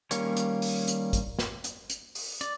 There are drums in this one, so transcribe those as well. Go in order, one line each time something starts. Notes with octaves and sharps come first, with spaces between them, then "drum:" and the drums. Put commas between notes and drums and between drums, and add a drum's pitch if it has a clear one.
D#3 G3 A#3 C#4 C#5, drum: hi-hat
drum: hi-hat
drum: open hi-hat
drum: hi-hat
drum: kick, hi-hat
drum: snare
drum: hi-hat
drum: hi-hat
drum: open hi-hat
D5, drum: hi-hat